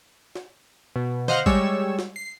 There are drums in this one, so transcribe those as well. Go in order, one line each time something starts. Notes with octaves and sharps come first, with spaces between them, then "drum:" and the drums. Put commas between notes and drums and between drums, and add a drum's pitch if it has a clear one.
drum: snare
B2
C5 D#5 F5 F#5 F6, drum: tom D3
G3 G#3 C#5 E6, drum: kick
drum: snare
C7